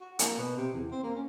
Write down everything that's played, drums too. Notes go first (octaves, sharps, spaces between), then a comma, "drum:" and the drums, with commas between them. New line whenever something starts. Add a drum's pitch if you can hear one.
F#4
A#3, drum: hi-hat
B2
C3
E2
C4
A#3
C#4